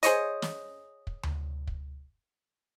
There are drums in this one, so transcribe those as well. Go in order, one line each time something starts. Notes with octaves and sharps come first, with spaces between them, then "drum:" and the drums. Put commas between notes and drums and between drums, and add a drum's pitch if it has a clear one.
G#4 C5 C#5 D#5, drum: hi-hat
drum: snare
drum: kick
drum: tom D2
drum: kick